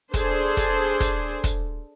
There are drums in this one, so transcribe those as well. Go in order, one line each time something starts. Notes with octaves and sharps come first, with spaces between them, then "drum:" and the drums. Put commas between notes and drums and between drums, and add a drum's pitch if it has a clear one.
D4 G#4 A4 C5, drum: kick, hi-hat
drum: kick, hi-hat
drum: kick, hi-hat
drum: kick, hi-hat